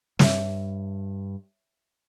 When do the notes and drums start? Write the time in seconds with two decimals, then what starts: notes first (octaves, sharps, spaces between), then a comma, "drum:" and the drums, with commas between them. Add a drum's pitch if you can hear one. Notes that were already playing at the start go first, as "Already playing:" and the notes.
0.19 G2 C#5 E5, drum: snare